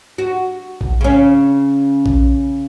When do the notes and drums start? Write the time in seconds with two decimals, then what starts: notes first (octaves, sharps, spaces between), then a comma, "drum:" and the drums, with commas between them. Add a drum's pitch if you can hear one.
0.18 F#4
0.81 drum: kick A#1
1.01 C#3 C#4
2.06 drum: kick A#1